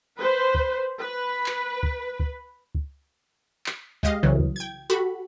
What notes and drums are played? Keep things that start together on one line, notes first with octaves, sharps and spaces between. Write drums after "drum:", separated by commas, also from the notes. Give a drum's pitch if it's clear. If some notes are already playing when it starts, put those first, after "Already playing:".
B4 C5
drum: kick
B4
drum: clap
drum: kick
drum: kick
drum: kick
drum: clap
G#3 G4 D#5 F5, drum: kick
C2 C#3 E3 F#3
drum: kick
G5 G#6
F#4 G4 A4 B5